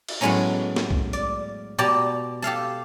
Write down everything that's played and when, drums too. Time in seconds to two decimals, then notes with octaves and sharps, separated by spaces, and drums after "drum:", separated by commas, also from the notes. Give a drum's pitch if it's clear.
0.08 drum: cymbal
0.21 A2 F#3 G#3 B3 C#4 A#5
0.76 drum: snare
0.90 drum: kick C2
1.13 D5, drum: hi-hat
1.78 B2 G4 D5 A5 A#5
2.42 G4 A4 F5 A5